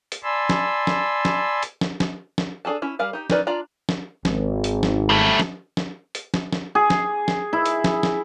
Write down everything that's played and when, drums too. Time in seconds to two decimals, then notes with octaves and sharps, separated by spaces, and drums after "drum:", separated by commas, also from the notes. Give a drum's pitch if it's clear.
0.12 drum: hi-hat
0.23 D5 G#5 A5 B5 C6 E6
0.50 drum: snare
0.87 drum: snare
1.25 drum: snare
1.63 drum: hi-hat
1.81 drum: snare
2.00 drum: snare
2.38 drum: snare
2.65 D4 G#4 A4 A5
2.82 C#4 E4
2.99 G3 A#4 F5 G#5
3.13 D#4 G4
3.30 C#4 D#4 A#4 B4 D5, drum: snare
3.47 D4 F4 D5 A#5
3.89 drum: snare
4.25 G#1, drum: snare
4.64 drum: hi-hat
4.83 drum: snare
5.10 G3 A3
5.39 drum: snare
5.77 drum: snare
6.15 drum: hi-hat
6.34 drum: snare
6.52 drum: snare
6.75 G#4
6.90 drum: snare
7.28 drum: snare
7.53 E4
7.66 drum: hi-hat
7.84 drum: snare
8.03 drum: snare